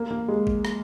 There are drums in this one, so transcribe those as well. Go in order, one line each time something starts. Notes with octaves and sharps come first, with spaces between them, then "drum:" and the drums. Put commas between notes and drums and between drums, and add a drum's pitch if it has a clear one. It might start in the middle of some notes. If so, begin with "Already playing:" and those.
Already playing: A#3
A#3
G#3
drum: kick
drum: rim click